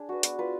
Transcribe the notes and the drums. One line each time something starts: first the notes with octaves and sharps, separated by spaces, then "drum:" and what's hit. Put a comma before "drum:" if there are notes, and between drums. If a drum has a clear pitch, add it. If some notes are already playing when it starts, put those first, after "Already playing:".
Already playing: D4 G#4 D5
F#4 B4
B3, drum: hi-hat
F4 B4